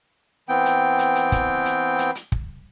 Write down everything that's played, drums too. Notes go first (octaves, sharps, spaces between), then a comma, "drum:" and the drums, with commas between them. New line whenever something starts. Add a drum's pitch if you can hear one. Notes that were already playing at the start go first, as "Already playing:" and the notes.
E3 B3 C4 G5
drum: hi-hat
drum: hi-hat
drum: hi-hat
drum: kick, hi-hat
drum: hi-hat
drum: hi-hat
drum: hi-hat
drum: kick